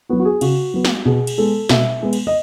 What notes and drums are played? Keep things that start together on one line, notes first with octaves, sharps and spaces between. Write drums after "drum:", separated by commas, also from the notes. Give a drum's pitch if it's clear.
F#3 B3 F#4
F#4
G#4
C#3 F#4, drum: cymbal
F#3 B3
drum: snare
B2 G#4
drum: cymbal
G#3 B3 A4
B2 E5, drum: snare
G#3 B3
drum: cymbal
D#5